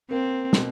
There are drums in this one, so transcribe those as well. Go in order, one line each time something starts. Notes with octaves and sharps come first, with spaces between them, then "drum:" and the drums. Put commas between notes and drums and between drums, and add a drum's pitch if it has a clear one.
A#3 C4
B2, drum: snare